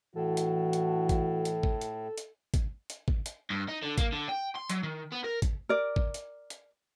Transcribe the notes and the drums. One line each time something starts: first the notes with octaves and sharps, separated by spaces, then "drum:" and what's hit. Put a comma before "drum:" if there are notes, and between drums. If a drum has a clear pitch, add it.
A2 E3 F#4 A4
drum: hi-hat
drum: hi-hat
drum: kick, hi-hat
drum: hi-hat
drum: kick
drum: hi-hat
drum: hi-hat
drum: kick, hi-hat
drum: hi-hat
drum: kick
drum: hi-hat
G2
D#4
D3
A#3, drum: kick, hi-hat
D3
G5
C6
F#3, drum: hi-hat
D#3
B3
A#4
drum: kick, hi-hat
A#4 D5
drum: kick
drum: hi-hat
drum: hi-hat